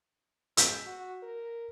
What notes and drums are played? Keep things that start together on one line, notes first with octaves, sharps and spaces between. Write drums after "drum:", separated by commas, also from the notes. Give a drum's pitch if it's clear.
G#3 E6 G6 B6, drum: hi-hat
F#4
A#4